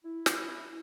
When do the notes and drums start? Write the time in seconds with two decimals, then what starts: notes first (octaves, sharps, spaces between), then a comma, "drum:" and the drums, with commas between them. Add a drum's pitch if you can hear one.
0.05 E4
0.26 drum: snare